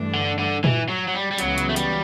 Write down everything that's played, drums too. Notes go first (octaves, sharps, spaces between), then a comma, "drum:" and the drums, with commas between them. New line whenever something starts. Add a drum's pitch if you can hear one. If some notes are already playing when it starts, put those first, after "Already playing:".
Already playing: G2 E3 A3 D4
D3
D3
E3, drum: tom A#2
F#3
F#3
G3
G3
C#2 C#3 E3 F#3 B3 F#4, drum: hi-hat
drum: hi-hat
A3
G3, drum: hi-hat